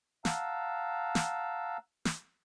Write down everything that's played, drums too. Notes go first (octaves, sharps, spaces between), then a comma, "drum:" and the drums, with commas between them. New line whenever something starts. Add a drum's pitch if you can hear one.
F5 F#5 A5 A#5 E6, drum: snare
drum: snare
drum: snare